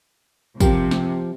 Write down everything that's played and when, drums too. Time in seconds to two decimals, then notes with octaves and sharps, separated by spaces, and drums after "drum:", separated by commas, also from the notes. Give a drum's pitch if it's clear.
0.60 C3 F3 G4 A#4, drum: kick, tambourine
0.91 drum: snare